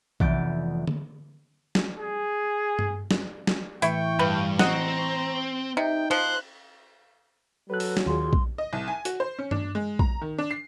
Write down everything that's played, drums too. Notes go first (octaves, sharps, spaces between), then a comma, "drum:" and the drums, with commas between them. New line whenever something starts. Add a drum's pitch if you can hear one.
F1 E3 B3 D5 G6 D7, drum: kick A#1
drum: tom D3
drum: snare
G#4
drum: tom G2
drum: snare
drum: snare
A2 E3 E4 G5 C#6, drum: hi-hat
G2 B4
C4 D#5 F#5 A#5, drum: snare
C3 D#4 G5
F3 C5 F#6, drum: cymbal
F#3 A4 B4 F#6
drum: open hi-hat
drum: snare
D#2 F4 F#4 G#4 C6
drum: kick A#1
D#5
C2
G#5
F#4, drum: hi-hat
C5
C#4
D4, drum: tom G2
G#3
A#5, drum: kick A#1
D#3
D4
C7